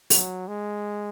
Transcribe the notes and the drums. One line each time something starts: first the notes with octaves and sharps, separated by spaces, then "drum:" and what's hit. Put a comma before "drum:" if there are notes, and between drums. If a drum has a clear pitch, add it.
F#3, drum: open hi-hat
G#3